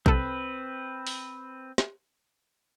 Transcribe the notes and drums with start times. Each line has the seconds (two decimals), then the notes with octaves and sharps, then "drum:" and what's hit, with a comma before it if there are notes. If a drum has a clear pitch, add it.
0.06 C2 C4 A4 B4, drum: kick A#1
1.07 drum: open hi-hat
1.78 drum: snare